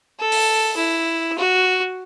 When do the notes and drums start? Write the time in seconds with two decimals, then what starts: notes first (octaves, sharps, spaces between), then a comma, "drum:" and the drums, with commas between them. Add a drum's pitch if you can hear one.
0.20 A4
0.32 drum: open hi-hat
0.76 E4
1.38 F#4